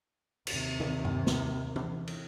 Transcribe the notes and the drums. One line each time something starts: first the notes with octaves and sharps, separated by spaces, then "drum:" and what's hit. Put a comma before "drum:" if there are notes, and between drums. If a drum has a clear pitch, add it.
D#2 C3, drum: cymbal
drum: tom
drum: tom G2
drum: snare
drum: tom
drum: cymbal